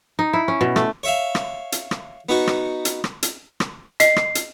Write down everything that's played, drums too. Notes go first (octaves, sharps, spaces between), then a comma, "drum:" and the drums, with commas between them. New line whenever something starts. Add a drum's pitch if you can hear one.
D#4
E4
C#4
B2
A3, drum: rim click
C#5 E5 F5
drum: rim click
drum: hi-hat
drum: rim click
B3 D#4 F#4
drum: rim click
drum: hi-hat
drum: rim click
drum: hi-hat
drum: rim click
D#5 C7, drum: hi-hat
drum: rim click
drum: hi-hat